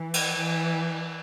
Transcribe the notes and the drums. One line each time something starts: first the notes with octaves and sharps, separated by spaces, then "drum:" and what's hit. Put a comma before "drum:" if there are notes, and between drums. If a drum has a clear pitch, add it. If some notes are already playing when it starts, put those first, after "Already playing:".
Already playing: E3
drum: cymbal
E3